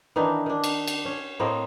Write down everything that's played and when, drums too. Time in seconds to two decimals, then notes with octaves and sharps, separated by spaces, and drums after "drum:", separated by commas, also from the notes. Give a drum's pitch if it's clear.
0.16 D#3 E3 D4 D#4
0.46 D#3 D4
0.64 drum: cymbal
0.88 drum: cymbal
1.05 C#4
1.40 A2 A#3 C4 D#5